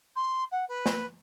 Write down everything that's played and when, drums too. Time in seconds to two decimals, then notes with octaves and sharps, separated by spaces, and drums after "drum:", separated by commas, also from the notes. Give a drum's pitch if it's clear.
0.16 C6
0.51 F#5
0.68 B4
0.86 drum: snare A#3